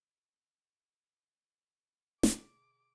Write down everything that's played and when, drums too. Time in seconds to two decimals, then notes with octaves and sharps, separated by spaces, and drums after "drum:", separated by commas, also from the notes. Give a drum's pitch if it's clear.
2.23 B2 D3 G#4 D6, drum: snare